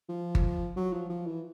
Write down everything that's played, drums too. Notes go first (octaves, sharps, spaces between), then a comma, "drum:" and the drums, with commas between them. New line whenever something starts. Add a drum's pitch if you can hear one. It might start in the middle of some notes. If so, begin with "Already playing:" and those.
F3
drum: kick G1
F#3
F3
F3
E3